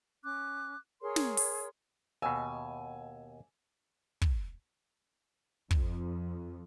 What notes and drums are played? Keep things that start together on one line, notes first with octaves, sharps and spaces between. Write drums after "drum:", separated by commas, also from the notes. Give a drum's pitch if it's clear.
C#4 D6 F#6
G#4 A#4 C#5 C6
drum: snare
drum: open hi-hat
D#2 B2 G#5 E6
drum: kick
F2, drum: kick